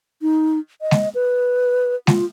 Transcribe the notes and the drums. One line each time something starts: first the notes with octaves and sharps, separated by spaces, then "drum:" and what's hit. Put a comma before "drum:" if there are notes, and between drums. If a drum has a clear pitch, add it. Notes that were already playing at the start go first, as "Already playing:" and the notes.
D#4
D#5
drum: snare G#3
B4
F4, drum: snare G#3